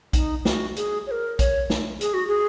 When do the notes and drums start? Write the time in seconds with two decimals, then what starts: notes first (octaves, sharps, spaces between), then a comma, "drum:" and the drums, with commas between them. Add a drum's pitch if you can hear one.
0.13 D#4, drum: kick A#1, hi-hat
0.45 F#4, drum: snare
0.76 G#4, drum: hi-hat
1.07 C#5
1.11 A#4
1.39 C#5, drum: kick A#1, hi-hat
1.70 drum: snare
2.01 G#4, drum: hi-hat
2.14 F#4
2.28 G#4